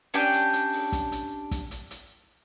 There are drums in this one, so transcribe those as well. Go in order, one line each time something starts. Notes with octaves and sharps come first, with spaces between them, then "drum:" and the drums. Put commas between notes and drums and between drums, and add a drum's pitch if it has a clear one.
C#4 D4 G4 G5, drum: hi-hat
drum: hi-hat
drum: hi-hat
drum: open hi-hat
drum: kick, hi-hat
drum: hi-hat
drum: kick, hi-hat
drum: hi-hat
drum: hi-hat